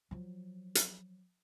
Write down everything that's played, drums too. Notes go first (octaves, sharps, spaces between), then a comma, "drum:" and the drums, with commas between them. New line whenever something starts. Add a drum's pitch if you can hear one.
F3 F#3
drum: hi-hat